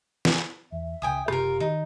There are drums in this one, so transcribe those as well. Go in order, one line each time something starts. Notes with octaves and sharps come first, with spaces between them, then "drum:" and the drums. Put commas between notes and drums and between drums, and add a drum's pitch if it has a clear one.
drum: snare
E2 E5
C#2 C#3 G5 G#5 D#6
F#1 C3 A#3 F4 G4 A#4, drum: rim click
D#3 D#4